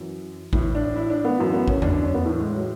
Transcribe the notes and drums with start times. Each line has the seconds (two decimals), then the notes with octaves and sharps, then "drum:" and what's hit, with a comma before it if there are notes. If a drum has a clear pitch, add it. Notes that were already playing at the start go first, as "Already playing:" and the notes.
Already playing: F#2 E3
0.53 A2 E3 E4, drum: kick
0.75 D4
0.96 E4
1.10 D4
1.24 B3
1.38 F#2 E3
1.53 B3
1.68 C#4, drum: kick
1.82 D4, drum: tom E2
1.93 D4
2.04 C#4
2.14 B3
2.25 A2 E3 A3
2.40 G#3
2.54 F#3